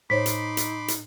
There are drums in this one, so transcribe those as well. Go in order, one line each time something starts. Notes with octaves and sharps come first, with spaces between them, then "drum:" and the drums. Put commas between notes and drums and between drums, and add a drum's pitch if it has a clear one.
A2 D#4 C5 C#5 B5 C6 D6 B6
drum: hi-hat
drum: hi-hat
drum: hi-hat